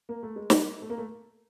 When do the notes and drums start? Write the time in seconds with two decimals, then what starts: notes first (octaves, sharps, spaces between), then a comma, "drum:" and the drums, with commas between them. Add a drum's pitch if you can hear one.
0.09 A#3
0.23 A3
0.36 G#3
0.50 G3, drum: snare
0.82 A3
0.90 A#3
0.98 A3